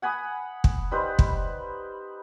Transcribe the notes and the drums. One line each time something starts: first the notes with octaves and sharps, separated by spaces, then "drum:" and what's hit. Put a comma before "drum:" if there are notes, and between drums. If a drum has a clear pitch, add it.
F#5 G#5 B5 D#6
drum: kick
G3 D#4 B4 C5
drum: kick